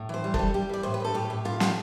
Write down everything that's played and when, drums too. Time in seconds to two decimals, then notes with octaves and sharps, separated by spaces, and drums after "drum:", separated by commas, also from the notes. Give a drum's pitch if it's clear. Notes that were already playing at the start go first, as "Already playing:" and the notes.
Already playing: A2
0.09 E3 C5
0.24 G3
0.34 A4, drum: kick
0.39 G3
0.54 G3 G4
0.69 E3 D5
0.83 A2 C5
0.94 B4
1.00 A2 A4
1.14 A2 G4
1.30 A2
1.45 A2 F4
1.60 G3, drum: snare